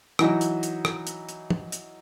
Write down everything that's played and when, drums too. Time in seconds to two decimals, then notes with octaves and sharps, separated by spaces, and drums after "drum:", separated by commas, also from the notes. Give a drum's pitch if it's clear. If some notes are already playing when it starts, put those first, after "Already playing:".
0.19 E3 F#3 D#4, drum: rim click
0.41 drum: hi-hat
0.63 drum: hi-hat
0.85 drum: rim click
1.07 drum: hi-hat
1.29 drum: hi-hat
1.50 drum: tom
1.72 drum: hi-hat